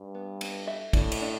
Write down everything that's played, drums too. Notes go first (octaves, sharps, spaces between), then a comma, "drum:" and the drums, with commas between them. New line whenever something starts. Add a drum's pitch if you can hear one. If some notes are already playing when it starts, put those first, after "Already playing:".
Already playing: G2
B3
B3, drum: cymbal
E5
A2 D4, drum: kick, cymbal
drum: cymbal
D4